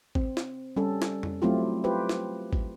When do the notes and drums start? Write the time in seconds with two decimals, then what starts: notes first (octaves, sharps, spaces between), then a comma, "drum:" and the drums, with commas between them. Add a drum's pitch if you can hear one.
0.15 C4, drum: kick G#1
0.37 drum: snare
0.76 G3 C#4 A4
1.02 drum: snare
1.23 drum: tom F2
1.42 F#3 A3 C4 E4 F4 G4
1.84 F4 G4 B4 C5
2.09 drum: snare
2.53 drum: kick G#1